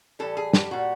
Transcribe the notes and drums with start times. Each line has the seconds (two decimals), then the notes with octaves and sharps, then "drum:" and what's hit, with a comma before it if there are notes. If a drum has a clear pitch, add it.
0.19 A2 E3 G3 A4
0.37 G#4
0.53 G4, drum: snare
0.71 A#2 G3 F#4